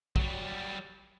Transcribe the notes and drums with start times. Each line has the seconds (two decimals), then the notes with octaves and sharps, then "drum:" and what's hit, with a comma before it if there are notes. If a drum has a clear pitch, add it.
0.16 F#3 G3, drum: kick